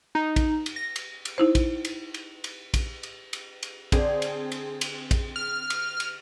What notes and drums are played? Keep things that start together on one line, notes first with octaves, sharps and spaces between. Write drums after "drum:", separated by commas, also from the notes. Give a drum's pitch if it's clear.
D#4
drum: kick, cymbal
drum: cymbal
A#6
drum: cymbal
drum: cymbal
D#4 E4 C5
drum: kick, cymbal
drum: cymbal
drum: cymbal
drum: cymbal
drum: kick, cymbal
drum: cymbal
drum: cymbal
drum: cymbal
D3 C4 D4 G#4, drum: kick, cymbal
drum: cymbal
drum: cymbal
drum: cymbal
drum: kick, cymbal
F6
drum: cymbal
drum: cymbal